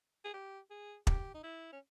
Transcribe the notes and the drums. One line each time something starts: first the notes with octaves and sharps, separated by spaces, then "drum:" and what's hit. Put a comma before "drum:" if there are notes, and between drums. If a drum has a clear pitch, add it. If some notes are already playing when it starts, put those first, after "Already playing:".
G#4
G4
G#4
G4, drum: kick
D#4
E4
C#4